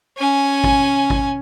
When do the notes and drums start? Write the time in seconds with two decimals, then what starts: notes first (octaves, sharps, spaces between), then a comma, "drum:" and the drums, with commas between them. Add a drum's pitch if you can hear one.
0.17 C#4 G#5
0.64 drum: kick G#1
1.10 drum: kick G#1